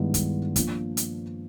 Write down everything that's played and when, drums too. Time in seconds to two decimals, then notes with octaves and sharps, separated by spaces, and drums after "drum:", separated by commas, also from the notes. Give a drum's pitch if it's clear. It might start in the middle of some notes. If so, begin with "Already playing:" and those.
Already playing: G2 D#3 G#3 B3 E4
0.14 drum: kick, hi-hat
0.56 F3 A#3 D4 F4, drum: kick, hi-hat
0.97 drum: hi-hat